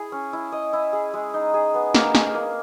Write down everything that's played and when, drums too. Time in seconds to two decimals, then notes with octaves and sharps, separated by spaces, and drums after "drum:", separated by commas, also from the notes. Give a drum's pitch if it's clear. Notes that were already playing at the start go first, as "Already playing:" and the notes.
Already playing: E4 G#4
0.12 C#4
0.33 E4
0.52 D#5
0.73 E4
0.93 G#4
1.14 G#3
1.34 D#4
1.54 G#4
1.74 B3
1.95 A#3, drum: snare
2.15 G#4, drum: snare
2.35 A#3